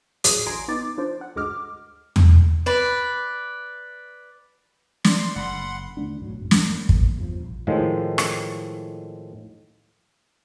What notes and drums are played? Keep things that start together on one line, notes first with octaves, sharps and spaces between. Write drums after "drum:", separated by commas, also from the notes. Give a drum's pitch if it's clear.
D2 A2 F#3 G#4 D#6, drum: hi-hat
A1 D2 G#5 A#5 C6 D7
B3 D#4 D6 A6
F3 D4 C5
F#5
D2 G2 G#3 D#5 D6 F6
drum: tom E2
B4 D5
D5 C6, drum: snare
F#1 F#5 B5 C6
D#2 D3 A3 D4
B1 G#2 F#3
F2 G#2
drum: snare
F#3 A#3
drum: kick
E2 G2 F3
A#1
A2 D#3 F3 G#3
drum: rim click